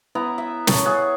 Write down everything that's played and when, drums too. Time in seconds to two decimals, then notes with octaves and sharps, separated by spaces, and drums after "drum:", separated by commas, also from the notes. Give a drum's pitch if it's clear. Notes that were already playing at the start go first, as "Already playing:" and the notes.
0.15 B3 E4 A#5
0.38 E5
0.67 A4 C#5, drum: snare
0.86 G#4 F#5